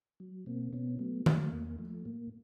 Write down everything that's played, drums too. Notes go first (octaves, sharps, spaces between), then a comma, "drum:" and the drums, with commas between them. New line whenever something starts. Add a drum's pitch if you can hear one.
F#3
B2 A#3 C4
B2 B3 C#4
F#3 A3 B3
F#3 A3, drum: tom D#3
E2 A#3
F3 A3
A2 A#3